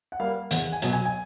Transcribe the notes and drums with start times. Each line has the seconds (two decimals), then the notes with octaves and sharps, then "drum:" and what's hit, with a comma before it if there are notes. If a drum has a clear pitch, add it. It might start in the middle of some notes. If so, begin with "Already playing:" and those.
0.12 F#5
0.20 G3 A#3 F5
0.51 E2 F#5, drum: hi-hat
0.72 G#5
0.82 B2 F#3, drum: hi-hat
0.93 G#5
1.05 G#5